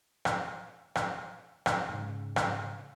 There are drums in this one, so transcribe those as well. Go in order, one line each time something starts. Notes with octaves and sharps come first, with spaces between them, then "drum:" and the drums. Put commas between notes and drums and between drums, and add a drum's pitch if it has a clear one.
drum: rim click
drum: rim click
drum: rim click
G#2 C#3
drum: rim click